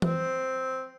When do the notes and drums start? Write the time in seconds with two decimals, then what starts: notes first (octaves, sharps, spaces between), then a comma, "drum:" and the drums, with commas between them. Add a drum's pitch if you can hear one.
0.02 C4, drum: tom E3